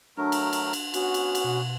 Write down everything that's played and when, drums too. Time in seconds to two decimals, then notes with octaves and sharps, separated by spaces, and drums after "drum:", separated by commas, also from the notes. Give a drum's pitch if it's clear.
0.17 F#3 A3 D4 A#4 A5
0.32 drum: cymbal
0.53 drum: cymbal
0.73 drum: cymbal
0.94 B3 C#4 F#4, drum: cymbal
1.14 drum: cymbal
1.35 drum: cymbal
1.44 B2